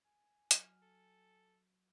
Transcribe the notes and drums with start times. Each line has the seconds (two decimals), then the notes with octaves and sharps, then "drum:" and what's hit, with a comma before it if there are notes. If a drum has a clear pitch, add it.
0.05 G#5
0.51 F#3 F6, drum: hi-hat
0.82 A4